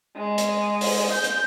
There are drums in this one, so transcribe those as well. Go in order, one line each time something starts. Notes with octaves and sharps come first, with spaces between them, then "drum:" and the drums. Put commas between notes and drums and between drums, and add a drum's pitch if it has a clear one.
G#3
drum: hi-hat
drum: open hi-hat
G6
drum: hi-hat